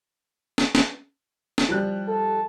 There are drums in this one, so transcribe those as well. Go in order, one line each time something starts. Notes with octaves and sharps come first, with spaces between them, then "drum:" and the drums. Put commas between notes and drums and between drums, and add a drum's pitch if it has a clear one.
drum: snare
drum: snare
drum: snare
F3 G3 F#6
A4